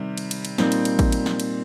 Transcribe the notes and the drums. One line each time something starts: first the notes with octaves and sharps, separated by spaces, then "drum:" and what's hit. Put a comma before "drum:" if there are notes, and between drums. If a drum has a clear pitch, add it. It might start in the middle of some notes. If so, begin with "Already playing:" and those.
Already playing: C3 D#3 G3
drum: cymbal
drum: cymbal
drum: cymbal
A#2 G3 C4 D#4, drum: snare
drum: cymbal
drum: cymbal
drum: kick A1, cymbal
drum: cymbal
drum: snare
drum: cymbal